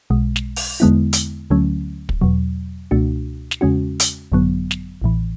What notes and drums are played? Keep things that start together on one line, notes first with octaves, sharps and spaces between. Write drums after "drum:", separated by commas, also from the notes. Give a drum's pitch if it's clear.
B1 B2 G#3
drum: snare
drum: open hi-hat
E2 D3 G#3 B3 E4
drum: hi-hat
D2 D3 F#3 A3 C#4
drum: kick
E2 B2 F#3
C#2 B2 A3 D4 F#4
drum: snare
E2 C#3 G#3 C#4 F#4
drum: hi-hat
G#1 F#2 D3 F#3 B3
drum: snare
A1 A2 E3